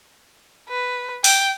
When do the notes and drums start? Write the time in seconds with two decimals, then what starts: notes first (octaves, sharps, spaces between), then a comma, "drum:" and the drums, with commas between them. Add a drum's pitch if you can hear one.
0.69 B4
1.24 G5, drum: open hi-hat